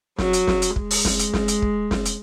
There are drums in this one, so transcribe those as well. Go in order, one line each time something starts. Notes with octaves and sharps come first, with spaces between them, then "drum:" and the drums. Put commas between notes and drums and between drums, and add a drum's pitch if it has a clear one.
F#3, drum: snare
drum: hi-hat
drum: snare
drum: hi-hat
G#3, drum: kick
drum: open hi-hat
drum: snare
drum: hi-hat
drum: snare
drum: hi-hat
drum: kick
drum: snare
drum: hi-hat